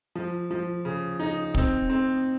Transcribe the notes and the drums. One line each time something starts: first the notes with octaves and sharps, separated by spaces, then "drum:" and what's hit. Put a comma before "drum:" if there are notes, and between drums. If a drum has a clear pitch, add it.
F3
F3
C#3
D#4
C4, drum: kick
C4